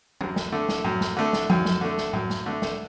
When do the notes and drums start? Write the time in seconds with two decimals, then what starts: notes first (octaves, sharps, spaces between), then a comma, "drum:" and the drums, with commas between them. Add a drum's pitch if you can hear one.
0.21 F#2, drum: tom
0.36 drum: snare
0.52 D3 A3
0.68 drum: snare
0.85 F#2, drum: tom A2
1.01 drum: snare
1.17 D3 A3
1.33 drum: snare
1.50 F#2, drum: tom F3
1.65 drum: snare
1.81 D3 A3
1.97 drum: snare
2.13 F#2, drum: tom A2
2.30 drum: snare
2.46 D3 A3
2.62 drum: snare